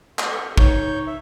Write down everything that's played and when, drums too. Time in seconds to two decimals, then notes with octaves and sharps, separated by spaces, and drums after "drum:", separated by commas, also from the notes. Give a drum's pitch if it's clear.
0.19 drum: clap
0.31 A4
0.58 D#4 C#5 G6, drum: kick
1.07 E5